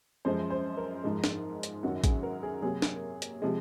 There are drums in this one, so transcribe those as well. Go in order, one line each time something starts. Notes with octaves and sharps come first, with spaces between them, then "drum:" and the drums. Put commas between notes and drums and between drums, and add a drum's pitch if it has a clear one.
F#2 F3 G#3 C5
C5
A#4
G#2 F3 G#3
drum: snare
drum: hi-hat
F#2 D#3 F#3 F#4
G#4, drum: kick A1, hi-hat
A#4
G#4
C3 F#3 A#3 G#4
drum: snare
drum: hi-hat
C3 F3 G#3